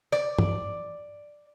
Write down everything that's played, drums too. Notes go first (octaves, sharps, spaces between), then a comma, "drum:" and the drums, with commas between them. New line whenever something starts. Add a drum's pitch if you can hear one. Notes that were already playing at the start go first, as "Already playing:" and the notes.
D5, drum: rim click
drum: tom